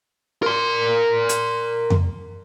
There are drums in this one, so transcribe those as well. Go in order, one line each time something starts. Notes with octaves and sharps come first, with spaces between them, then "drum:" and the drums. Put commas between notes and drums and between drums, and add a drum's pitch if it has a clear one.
A#4 C6
drum: hi-hat
drum: tom F2